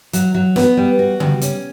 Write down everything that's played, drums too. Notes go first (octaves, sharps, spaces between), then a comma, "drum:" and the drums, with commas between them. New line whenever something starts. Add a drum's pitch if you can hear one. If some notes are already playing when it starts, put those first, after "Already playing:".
F#3, drum: hi-hat
F#3
B3, drum: snare
G3
F#4
G3, drum: tom C#3
C#4, drum: hi-hat